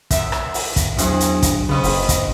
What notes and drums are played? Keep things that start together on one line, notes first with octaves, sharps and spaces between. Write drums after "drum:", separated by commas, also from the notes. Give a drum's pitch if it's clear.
F#2 E5, drum: kick, hi-hat
drum: rim click
drum: open hi-hat
drum: kick, hi-hat
E2 F#3 C4 D4 F#4 G#4, drum: hi-hat
drum: hi-hat
drum: kick, hi-hat
C#3 B3 C4 D#5
F#1, drum: open hi-hat
drum: kick, hi-hat